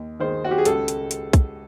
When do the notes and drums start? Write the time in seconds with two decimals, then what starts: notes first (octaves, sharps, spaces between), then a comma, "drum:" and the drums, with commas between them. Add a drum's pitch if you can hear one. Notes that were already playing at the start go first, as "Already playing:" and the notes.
Already playing: D#2
0.20 D#3 G#3 C5
0.44 F#4
0.51 G4
0.58 G#4
0.65 C#2 A4, drum: hi-hat
0.88 drum: hi-hat
1.11 drum: hi-hat
1.33 drum: kick, hi-hat